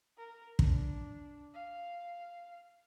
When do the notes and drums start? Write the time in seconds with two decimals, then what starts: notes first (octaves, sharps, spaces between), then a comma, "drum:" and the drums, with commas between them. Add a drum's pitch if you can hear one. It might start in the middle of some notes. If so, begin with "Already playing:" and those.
0.17 A#4
0.59 D4, drum: kick
1.54 F5